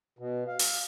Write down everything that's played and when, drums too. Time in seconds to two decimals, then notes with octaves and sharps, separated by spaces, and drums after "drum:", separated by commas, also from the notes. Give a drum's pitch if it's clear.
0.19 B2
0.47 F5
0.59 drum: open hi-hat